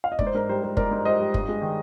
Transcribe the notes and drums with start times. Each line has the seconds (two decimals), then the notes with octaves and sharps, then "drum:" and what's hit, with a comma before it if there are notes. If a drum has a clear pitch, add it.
0.04 F5
0.12 D#5
0.19 G#2 D5, drum: kick
0.27 C5
0.34 G#2 A#4
0.49 G3 C5
0.63 G3 C5
0.77 G#2 A#4 D5, drum: kick
0.91 G#2
1.05 G3 C5 D#5
1.20 G3
1.34 G2, drum: kick
1.48 G#3
1.62 D#3